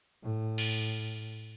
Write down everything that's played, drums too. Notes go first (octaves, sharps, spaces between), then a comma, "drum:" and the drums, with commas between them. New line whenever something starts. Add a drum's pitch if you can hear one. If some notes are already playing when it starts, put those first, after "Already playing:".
A2
drum: cymbal